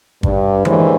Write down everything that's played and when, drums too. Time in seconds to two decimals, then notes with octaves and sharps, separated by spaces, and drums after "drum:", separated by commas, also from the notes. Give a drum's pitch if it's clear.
0.23 G2, drum: kick
0.65 D#2 A2 D3 E3 G#3 C5, drum: tom E3